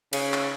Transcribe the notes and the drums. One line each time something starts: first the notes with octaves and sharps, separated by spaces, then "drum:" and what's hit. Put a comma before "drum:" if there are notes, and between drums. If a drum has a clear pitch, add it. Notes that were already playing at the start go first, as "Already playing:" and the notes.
C#3, drum: cymbal
drum: clap